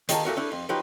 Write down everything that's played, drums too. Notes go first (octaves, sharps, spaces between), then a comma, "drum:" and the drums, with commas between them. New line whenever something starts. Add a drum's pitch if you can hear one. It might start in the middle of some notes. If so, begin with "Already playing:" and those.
D#3 A#3 G#4 D5 A5 A#5, drum: hi-hat
A#2 A3 F#4 A#4
A3 D4 E4
F2
F3 F#3 D#4 G4 B4